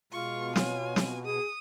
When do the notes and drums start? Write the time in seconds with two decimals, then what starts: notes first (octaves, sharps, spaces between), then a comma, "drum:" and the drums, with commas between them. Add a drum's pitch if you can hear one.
0.12 B2 G#3 F4 C#6
0.56 C#5 G#5, drum: snare
0.96 drum: snare
1.25 G#4 D#6